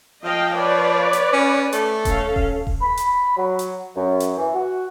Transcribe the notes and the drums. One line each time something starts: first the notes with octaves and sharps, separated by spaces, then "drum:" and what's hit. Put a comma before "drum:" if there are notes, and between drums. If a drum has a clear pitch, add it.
F3 D#5 F5 G5
B4 C#5 D5
drum: hi-hat
C#4
A3, drum: hi-hat
C#4 A4 F5, drum: kick D#1, hi-hat
drum: kick D#1
drum: kick D#1
B5
drum: hi-hat
F#3
drum: hi-hat
F#2
drum: hi-hat
E3
F#4